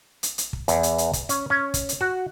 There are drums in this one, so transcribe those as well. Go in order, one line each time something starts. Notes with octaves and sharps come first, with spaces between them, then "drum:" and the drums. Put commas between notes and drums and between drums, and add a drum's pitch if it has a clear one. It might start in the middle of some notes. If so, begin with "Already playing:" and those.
drum: hi-hat
drum: hi-hat
drum: kick
E2, drum: hi-hat
drum: hi-hat
drum: hi-hat
drum: kick, hi-hat
C#4, drum: hi-hat
C#4
drum: kick, hi-hat
drum: hi-hat
F#4